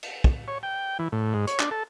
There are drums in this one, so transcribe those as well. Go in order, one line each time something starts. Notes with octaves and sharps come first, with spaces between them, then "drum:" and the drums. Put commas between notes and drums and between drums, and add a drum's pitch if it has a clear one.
drum: cymbal
drum: kick
C#5
G5
E3
A2
G#2
C#5, drum: hi-hat
D4, drum: clap
A4